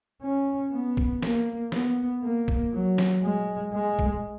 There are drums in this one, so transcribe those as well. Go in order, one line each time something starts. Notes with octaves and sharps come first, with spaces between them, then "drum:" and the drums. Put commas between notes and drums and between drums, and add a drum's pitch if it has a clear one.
C#4
B3
drum: kick A#1
A#3, drum: snare
B3, drum: snare
A#3
drum: kick A#1
F#3
drum: snare
G#3
G#3
drum: kick A#1